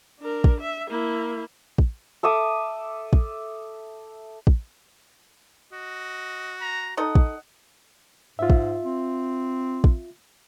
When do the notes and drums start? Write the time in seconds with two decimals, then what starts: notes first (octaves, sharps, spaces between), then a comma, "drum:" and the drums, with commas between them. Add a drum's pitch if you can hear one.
0.20 D4 A#4
0.44 drum: kick
0.61 E5
0.90 A#3 E4
1.78 drum: kick
2.23 A4 E5 D6 D#6
3.13 drum: kick
4.47 drum: kick
5.72 F#4 D#5
6.61 A#5
6.97 D#4 A4 D#5 F#5
7.15 drum: kick
8.39 G#2 F4 E5
8.50 drum: kick
8.85 C4
9.84 drum: kick